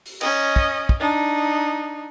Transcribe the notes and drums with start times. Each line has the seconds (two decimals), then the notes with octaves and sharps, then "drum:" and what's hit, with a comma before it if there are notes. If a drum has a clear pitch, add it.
0.06 drum: open hi-hat
0.21 C#4 D#5, drum: cymbal
0.56 drum: kick
0.89 drum: kick
1.00 D4 D#4